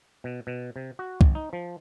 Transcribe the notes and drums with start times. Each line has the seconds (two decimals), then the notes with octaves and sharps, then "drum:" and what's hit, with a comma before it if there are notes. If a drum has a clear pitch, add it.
0.24 B2
0.47 B2
0.76 C3
0.99 F#4
1.21 G#1, drum: kick C2
1.35 D#4
1.53 F3